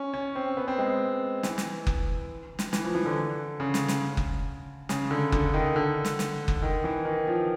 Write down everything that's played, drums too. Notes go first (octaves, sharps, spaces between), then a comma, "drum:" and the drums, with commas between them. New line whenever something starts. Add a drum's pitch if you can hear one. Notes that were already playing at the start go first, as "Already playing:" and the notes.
Already playing: C#4
C#4
C4
B3
C4
G#3
E3, drum: snare
drum: snare
drum: kick F#1
drum: snare
E3, drum: snare
F3
E3
D3
C#3
drum: snare
drum: snare
drum: kick F#1
C#3, drum: snare
D3
D3, drum: kick F#1
D#3
D3
drum: snare
drum: snare
drum: kick F#1
D#3
E3
D#3
F3